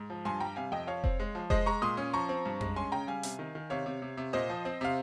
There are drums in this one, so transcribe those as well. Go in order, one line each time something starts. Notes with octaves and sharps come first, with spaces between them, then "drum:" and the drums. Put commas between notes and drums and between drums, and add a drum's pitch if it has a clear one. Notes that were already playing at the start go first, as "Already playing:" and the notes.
Already playing: G#2
F3
G2 G#5 C6
G3 G5 A#5
C3 F5 G#5
F2 D#5 G5
F3 C#5 F5
C4, drum: kick F1
G#3
F3
G#3 C5 D#5, drum: kick F1
G#3 A#5 C#6
A#2 C6 D#6
C#4
F3 A#5 C#6
C4
G2
G#3, drum: tom F2
C#4 G#5 C6
C#3 G5 A#5
G3 F5 G#5
C3, drum: hi-hat
D#3
D#3
C3 C#5 F5
C3
C3
C3
A#2 C5 D#5
F3
C4
C3 F5